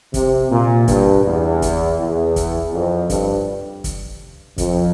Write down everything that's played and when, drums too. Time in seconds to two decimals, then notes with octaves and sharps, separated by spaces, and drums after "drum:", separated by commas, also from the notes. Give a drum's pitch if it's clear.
0.14 C3, drum: kick, hi-hat
0.51 A#2
0.88 G2, drum: kick, hi-hat
1.26 E2
1.62 drum: kick, hi-hat
1.99 E2
2.36 drum: kick, hi-hat
2.73 F2
3.10 G2, drum: kick, hi-hat
3.84 drum: kick, hi-hat
4.58 F2, drum: kick, hi-hat